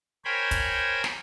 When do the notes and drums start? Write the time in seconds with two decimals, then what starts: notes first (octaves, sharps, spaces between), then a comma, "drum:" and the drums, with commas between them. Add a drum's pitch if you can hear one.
0.25 A#4 C5 C#5 G5 G#5 B5
0.51 drum: kick, hi-hat
1.04 drum: snare